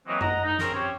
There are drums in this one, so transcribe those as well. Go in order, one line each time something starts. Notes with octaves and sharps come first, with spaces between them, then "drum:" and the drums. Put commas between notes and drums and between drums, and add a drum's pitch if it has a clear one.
E3 F#3 A#3 C4 D#5
D#5 F#5 A#5, drum: tom F#2
D#4
C4 C#4 G#4 A#4, drum: snare
C4 C#4 G4 C#5